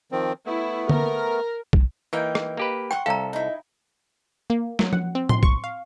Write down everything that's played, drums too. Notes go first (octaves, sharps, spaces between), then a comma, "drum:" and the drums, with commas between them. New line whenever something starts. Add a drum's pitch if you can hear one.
D#3 F3 C4
A3 B3 E4
A#4, drum: tom D3
drum: kick
E3 A#3 D#4 A#4 G5
drum: rim click
A#3 G4 B4
F#5 G5 C6 C#6
C2 A4 E5 F5 A#5
D#4 E4
A#3
F#3, drum: snare
F#5, drum: tom F3
C4
C6, drum: tom A2
C#6, drum: kick
F5